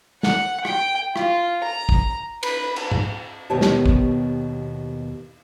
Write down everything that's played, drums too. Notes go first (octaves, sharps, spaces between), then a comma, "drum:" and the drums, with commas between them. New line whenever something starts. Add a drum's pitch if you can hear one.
F#5, drum: snare
G5, drum: rim click
F4, drum: rim click
A#5
drum: kick
B4, drum: cymbal
drum: cymbal
drum: tom G#2
D#2 B2 B3 G4 C#5 A5
drum: snare
drum: kick